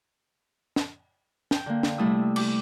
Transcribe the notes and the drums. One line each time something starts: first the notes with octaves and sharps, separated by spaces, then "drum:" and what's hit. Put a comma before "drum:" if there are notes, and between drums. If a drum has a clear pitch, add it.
drum: snare
G5, drum: snare
D3 A#3
drum: snare
C3 G3 A3 E4 D#6 E6
G4 G5 D6, drum: cymbal